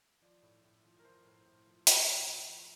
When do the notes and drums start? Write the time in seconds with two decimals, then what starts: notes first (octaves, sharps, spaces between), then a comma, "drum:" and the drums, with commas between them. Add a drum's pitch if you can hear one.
0.22 F3 D5
0.43 A2
0.63 A2
0.84 F3
0.99 A#4
1.05 F3 C5
1.25 A2
1.46 A2
1.66 F3
1.87 F3, drum: hi-hat
2.07 A2
2.28 A2
2.49 F3